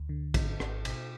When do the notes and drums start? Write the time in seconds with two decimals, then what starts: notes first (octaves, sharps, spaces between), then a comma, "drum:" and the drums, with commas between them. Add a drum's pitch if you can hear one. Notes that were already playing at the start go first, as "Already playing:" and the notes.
Already playing: D2
0.09 D3
0.34 G#1, drum: kick, cymbal
0.60 G#1, drum: rim click
0.85 B2, drum: cymbal